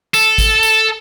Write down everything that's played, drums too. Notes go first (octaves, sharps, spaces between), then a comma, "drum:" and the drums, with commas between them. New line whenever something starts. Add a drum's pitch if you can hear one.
A4, drum: tambourine
drum: kick G#1, tambourine
drum: tambourine